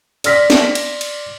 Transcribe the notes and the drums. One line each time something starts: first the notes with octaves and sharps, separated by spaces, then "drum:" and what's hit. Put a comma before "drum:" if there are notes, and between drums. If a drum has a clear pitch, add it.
D5 C6 F6 A#6 B6, drum: cymbal
drum: snare
drum: cymbal
drum: cymbal